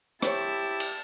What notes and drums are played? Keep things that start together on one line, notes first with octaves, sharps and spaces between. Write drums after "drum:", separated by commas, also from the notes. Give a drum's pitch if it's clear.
E4 G4 C5 C#5 A5, drum: rim click
drum: cymbal